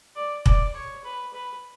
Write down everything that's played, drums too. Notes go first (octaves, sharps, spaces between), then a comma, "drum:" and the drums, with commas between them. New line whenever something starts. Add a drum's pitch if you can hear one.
D5
D5, drum: kick
C#5
B4
B4